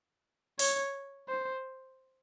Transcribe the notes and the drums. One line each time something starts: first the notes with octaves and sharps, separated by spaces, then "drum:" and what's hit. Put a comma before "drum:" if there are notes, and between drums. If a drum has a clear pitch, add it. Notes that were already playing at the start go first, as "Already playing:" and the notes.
C#5, drum: open hi-hat
C5